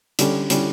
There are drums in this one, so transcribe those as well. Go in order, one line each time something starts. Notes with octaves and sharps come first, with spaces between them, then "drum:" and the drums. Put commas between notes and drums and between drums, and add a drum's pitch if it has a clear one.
D3 G3 C#4, drum: hi-hat
D3 G3 C#4, drum: hi-hat